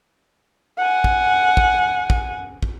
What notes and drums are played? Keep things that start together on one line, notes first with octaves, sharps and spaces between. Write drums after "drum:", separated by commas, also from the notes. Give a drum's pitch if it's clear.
F#5 G#5
drum: kick
drum: kick
drum: kick
drum: kick